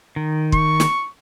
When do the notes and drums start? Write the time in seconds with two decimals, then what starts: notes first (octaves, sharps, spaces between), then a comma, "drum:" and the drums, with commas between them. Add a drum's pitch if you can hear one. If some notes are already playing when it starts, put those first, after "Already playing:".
0.16 D#3
0.52 C#6, drum: kick
0.80 drum: snare